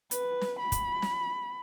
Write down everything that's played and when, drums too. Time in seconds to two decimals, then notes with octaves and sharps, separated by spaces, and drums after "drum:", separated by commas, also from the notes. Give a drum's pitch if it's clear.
0.11 B4, drum: hi-hat
0.41 drum: snare
0.59 B5
0.72 drum: kick, hi-hat
1.02 drum: snare